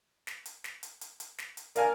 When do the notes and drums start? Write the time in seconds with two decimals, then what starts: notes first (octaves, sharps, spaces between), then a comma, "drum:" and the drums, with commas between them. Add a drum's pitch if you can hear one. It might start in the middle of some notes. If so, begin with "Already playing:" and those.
0.27 drum: snare
0.46 drum: hi-hat
0.64 drum: snare
0.83 drum: hi-hat
1.01 drum: hi-hat
1.20 drum: hi-hat
1.38 drum: snare
1.57 drum: hi-hat
1.76 A#4 D5 F5 G#5, drum: hi-hat